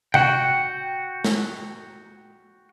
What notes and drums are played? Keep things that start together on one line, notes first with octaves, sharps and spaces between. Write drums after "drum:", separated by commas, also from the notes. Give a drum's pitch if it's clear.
F#4 F#5 G5, drum: tom C3
drum: snare